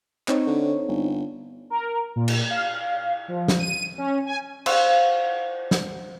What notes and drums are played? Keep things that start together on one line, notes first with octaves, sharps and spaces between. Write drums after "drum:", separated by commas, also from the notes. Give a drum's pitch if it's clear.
C4 D#4 C#5, drum: clap
D3
G1
A#4
A#2
drum: cymbal
F5
F3
drum: snare
D#7
C#4
G#5
C5 F5 F#5 C#6 E6, drum: cymbal
drum: snare